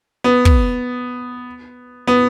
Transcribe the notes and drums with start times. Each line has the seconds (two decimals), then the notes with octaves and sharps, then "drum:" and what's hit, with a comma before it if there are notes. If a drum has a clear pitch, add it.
0.24 B3
0.45 drum: kick
2.07 B3